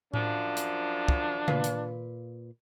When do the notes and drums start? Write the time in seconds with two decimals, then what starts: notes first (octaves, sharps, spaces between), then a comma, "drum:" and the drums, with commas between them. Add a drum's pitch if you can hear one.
0.14 F#2 F3 D4, drum: tom A2
0.57 drum: hi-hat
1.08 drum: kick
1.48 A#2 B4 F5, drum: tom C#3
1.64 drum: hi-hat